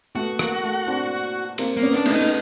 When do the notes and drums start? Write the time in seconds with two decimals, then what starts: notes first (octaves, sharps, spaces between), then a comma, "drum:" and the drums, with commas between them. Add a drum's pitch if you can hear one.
0.15 A3 B3 F#4
0.39 A#3, drum: rim click
0.63 A3
0.87 C4 D4
1.58 A#3 C4, drum: cymbal
1.77 A#3
1.82 B3 C#4
1.93 D4
2.06 A3 B3, drum: cymbal
2.12 D#4
2.20 B3